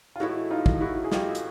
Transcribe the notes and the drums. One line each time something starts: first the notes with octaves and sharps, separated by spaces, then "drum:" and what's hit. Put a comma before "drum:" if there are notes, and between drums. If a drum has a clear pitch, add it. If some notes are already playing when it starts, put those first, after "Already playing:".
F4
A2 E3 G#3 E4 F#4
D#4 F4
drum: kick
E4 F#4
G#4
A2 E3 G#3 F4 G4, drum: snare
drum: hi-hat